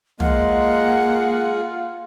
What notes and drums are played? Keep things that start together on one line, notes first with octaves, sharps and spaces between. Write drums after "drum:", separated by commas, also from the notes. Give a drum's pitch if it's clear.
G#3 A#3 F4 F#5, drum: tom